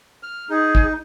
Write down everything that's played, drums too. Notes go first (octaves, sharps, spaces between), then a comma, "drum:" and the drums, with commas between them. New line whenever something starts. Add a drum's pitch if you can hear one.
F6
D#4 G#4
drum: kick